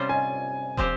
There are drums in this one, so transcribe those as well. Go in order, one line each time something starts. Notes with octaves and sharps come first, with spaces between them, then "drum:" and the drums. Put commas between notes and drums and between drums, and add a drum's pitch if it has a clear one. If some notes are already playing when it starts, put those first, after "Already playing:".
Already playing: C3 G3 C#4 F4 C5
G#5
F3 C4 G4 C5, drum: kick